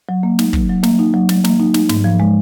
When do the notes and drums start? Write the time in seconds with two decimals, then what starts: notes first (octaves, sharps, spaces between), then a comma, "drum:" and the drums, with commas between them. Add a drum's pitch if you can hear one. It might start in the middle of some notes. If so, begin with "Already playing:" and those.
0.09 F#3
0.23 A#3
0.39 D#4, drum: snare
0.53 F#3, drum: kick
0.69 F#3
0.83 A#3, drum: snare
0.99 D#4
1.14 F#3
1.29 F#3, drum: snare
1.44 A#3, drum: snare
1.60 D#4
1.74 D#4, drum: snare
1.89 G#2, drum: snare
2.04 F3
2.20 G#3